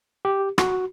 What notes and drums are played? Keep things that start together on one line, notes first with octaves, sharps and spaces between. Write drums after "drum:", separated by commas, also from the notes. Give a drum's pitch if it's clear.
G4
F#4, drum: rim click